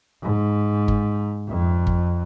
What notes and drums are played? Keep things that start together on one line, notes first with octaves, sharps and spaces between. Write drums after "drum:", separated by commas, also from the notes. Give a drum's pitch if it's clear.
G#2
drum: kick G1
F2
drum: kick G1